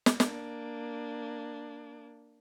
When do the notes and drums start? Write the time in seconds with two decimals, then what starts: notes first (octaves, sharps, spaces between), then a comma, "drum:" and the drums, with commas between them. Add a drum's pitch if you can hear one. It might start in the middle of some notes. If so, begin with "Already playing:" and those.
0.06 drum: snare
0.20 A#3 D4, drum: snare